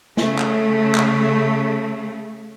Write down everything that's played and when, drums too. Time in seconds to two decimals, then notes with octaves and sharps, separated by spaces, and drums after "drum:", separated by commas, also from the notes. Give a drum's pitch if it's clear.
0.17 C#3 A3, drum: snare
0.39 drum: clap
0.95 drum: clap